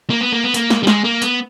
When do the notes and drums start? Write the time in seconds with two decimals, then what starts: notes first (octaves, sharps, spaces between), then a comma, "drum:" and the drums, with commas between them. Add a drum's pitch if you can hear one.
0.10 A#3
0.21 B3
0.32 A#3
0.44 B3
0.54 A#3, drum: hi-hat
0.70 drum: snare
0.83 G3
0.87 G#3, drum: snare
1.04 A#3
1.22 B3, drum: hi-hat